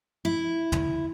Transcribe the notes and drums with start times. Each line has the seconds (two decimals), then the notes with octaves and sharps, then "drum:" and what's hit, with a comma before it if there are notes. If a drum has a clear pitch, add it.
0.25 E4
0.72 drum: tom